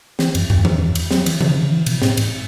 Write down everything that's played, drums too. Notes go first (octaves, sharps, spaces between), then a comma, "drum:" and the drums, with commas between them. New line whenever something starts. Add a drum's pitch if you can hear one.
E3, drum: snare C4
F#2, drum: cymbal
E2, drum: tom
drum: tom E3
drum: cymbal
F#3, drum: snare C4
E3, drum: cymbal
C#3, drum: tom E3
C#3
E3
B2, drum: cymbal
G#2, drum: snare C4
G#2, drum: cymbal